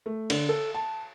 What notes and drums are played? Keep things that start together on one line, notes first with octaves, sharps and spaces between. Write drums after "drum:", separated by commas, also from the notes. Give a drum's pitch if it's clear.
A3
D3, drum: cymbal
A4
A5